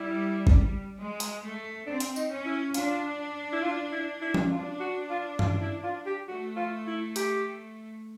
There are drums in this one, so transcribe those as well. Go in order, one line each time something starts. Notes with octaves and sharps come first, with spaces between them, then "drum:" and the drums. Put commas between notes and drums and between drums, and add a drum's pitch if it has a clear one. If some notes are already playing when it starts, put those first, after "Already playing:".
Already playing: G3 E4
drum: kick
G#3
drum: hi-hat
A3
C4 D4
drum: hi-hat
D#4, drum: tambourine
C#4
E4
D4 F4, drum: hi-hat
E4
F4
E4
E4
drum: tom F3
D4 F4
F#4
F4
F4, drum: tom G2
E4
F4
G4
A3 F#4
F4
E4
G4, drum: hi-hat